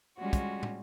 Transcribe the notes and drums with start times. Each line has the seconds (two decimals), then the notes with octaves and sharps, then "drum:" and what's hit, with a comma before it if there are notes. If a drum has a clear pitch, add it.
0.18 G3 G#3 C#4 F4 F#4
0.33 drum: kick, hi-hat
0.63 drum: tom